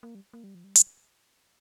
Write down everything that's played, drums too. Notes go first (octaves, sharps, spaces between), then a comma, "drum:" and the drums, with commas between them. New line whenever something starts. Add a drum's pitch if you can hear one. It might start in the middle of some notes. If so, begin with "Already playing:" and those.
A#3
G3
A#3
G3
F3
G3
drum: hi-hat